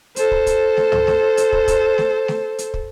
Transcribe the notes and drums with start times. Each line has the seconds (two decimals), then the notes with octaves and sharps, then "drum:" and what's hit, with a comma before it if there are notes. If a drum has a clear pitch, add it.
0.16 A4 C5, drum: hi-hat
0.31 drum: kick
0.46 drum: kick, hi-hat
0.77 drum: snare A3
0.92 drum: tom
1.07 drum: snare A3
1.37 drum: hi-hat
1.53 drum: kick
1.68 drum: kick, hi-hat
1.98 drum: snare A3
2.28 drum: snare A3
2.59 drum: hi-hat
2.74 drum: kick